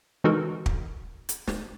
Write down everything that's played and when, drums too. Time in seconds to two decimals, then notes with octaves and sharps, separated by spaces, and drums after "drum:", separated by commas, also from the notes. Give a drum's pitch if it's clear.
0.24 E3 G#3 D#4 F#4 A4 A#4
0.66 drum: kick
1.29 drum: hi-hat
1.47 drum: snare